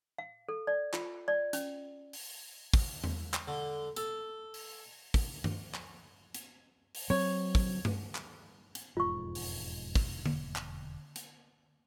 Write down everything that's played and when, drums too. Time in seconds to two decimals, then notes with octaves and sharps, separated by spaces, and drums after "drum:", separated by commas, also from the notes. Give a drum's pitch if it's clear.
0.18 F5
0.49 A4
0.67 D5
0.93 F4, drum: clap
1.28 D5
1.53 C#4, drum: hi-hat
2.13 drum: open hi-hat
2.74 drum: kick, open hi-hat
3.04 drum: tom E2
3.34 drum: clap
3.48 D3
3.97 A4, drum: hi-hat
4.54 drum: open hi-hat
5.14 drum: kick, open hi-hat
5.44 drum: tom G2
5.74 drum: clap
6.35 drum: hi-hat
6.95 drum: open hi-hat
7.10 F#3 C4 C#5
7.55 drum: kick, open hi-hat
7.85 drum: tom G2
8.15 drum: clap
8.75 drum: hi-hat
8.97 E1 F2 G#2 F4 C#6
9.35 drum: open hi-hat
9.95 drum: kick, open hi-hat
10.26 drum: tom D3
10.56 drum: clap
11.16 drum: hi-hat